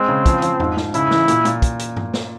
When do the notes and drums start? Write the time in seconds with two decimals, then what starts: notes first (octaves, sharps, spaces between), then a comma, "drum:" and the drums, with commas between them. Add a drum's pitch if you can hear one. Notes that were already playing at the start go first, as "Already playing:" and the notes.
Already playing: G#3 C4
0.08 C#3
0.26 F3, drum: kick, hi-hat
0.42 F3, drum: hi-hat
0.60 G#2, drum: tom E2
0.77 G#2, drum: snare
0.94 C#3 E4, drum: hi-hat
1.11 E3, drum: snare
1.28 A#2, drum: hi-hat
1.45 A#2, drum: hi-hat
1.62 drum: kick, hi-hat
1.79 drum: hi-hat
1.96 drum: tom G2
2.14 drum: snare